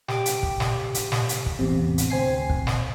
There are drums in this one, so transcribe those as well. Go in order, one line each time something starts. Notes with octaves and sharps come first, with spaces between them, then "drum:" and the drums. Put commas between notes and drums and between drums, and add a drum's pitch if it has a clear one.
G4 D6, drum: snare
drum: hi-hat
drum: kick
drum: snare
drum: hi-hat
drum: snare
drum: hi-hat
drum: kick
A1 E2 C3
drum: hi-hat
D2 C4 G#5 C7
drum: kick
drum: snare